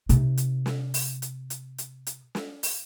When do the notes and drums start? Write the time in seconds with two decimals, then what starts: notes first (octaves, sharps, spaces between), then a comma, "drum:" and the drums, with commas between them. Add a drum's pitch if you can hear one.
0.09 C3 D#4, drum: hi-hat
0.37 drum: hi-hat
0.66 drum: snare
0.94 drum: open hi-hat
1.22 drum: hi-hat
1.50 drum: hi-hat
1.78 drum: hi-hat
2.07 drum: hi-hat
2.35 drum: snare
2.63 drum: open hi-hat